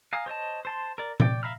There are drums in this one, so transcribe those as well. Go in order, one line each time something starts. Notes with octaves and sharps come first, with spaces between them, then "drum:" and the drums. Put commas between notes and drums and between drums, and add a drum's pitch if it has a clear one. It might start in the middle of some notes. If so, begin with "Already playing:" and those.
F5 G#5 A#5 D#6
C5 C#5 D#5 A5
C5 A5 C6
A#4 D5
C#5 D5 G5, drum: tom A#2
E5 F5 A#5 B5 F6